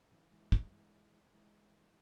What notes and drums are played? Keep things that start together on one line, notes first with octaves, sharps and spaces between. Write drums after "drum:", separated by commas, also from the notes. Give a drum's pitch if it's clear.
C#3 E3
E3 G#3
G#3, drum: kick
G3
E3 G#3
E3 G#3